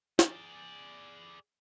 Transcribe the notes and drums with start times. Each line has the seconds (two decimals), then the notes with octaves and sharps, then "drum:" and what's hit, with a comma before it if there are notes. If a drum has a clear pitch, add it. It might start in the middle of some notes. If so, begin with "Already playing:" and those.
0.19 G#4 D5, drum: snare